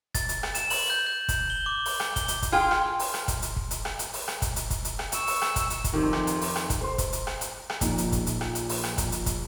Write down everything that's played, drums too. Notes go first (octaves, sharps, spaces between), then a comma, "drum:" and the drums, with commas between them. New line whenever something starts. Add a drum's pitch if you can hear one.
A6, drum: kick, hi-hat
drum: hi-hat
drum: rim click
E7, drum: hi-hat
F#7, drum: open hi-hat
G6
G6
drum: kick, hi-hat
G7
D6
drum: open hi-hat
drum: rim click
G7, drum: kick, hi-hat
drum: hi-hat
drum: kick, hi-hat
F4 G#4 G5
drum: rim click
drum: open hi-hat
drum: rim click
drum: kick, hi-hat
drum: hi-hat
drum: kick
drum: hi-hat
drum: rim click
drum: hi-hat
drum: open hi-hat
drum: rim click
drum: kick, hi-hat
drum: hi-hat
drum: kick, hi-hat
drum: hi-hat
drum: rim click
C#6 E6, drum: hi-hat
drum: open hi-hat
drum: rim click
drum: kick, hi-hat
drum: hi-hat
drum: kick, hi-hat
F2 C3 D#3
drum: rim click
drum: hi-hat
drum: open hi-hat
drum: rim click
drum: kick, hi-hat
C5 C6
drum: kick, hi-hat
drum: hi-hat
drum: rim click
drum: hi-hat
drum: rim click
A#1 A#2 D#4, drum: kick, hi-hat
drum: hi-hat
drum: kick, hi-hat
drum: hi-hat
drum: rim click
drum: hi-hat
drum: open hi-hat
drum: rim click
drum: kick, hi-hat
drum: hi-hat
drum: kick, hi-hat